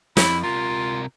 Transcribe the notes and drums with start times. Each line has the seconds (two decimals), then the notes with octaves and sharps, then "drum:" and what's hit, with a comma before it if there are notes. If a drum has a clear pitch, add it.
0.17 F2 E4, drum: snare
0.44 C3 F4 A#4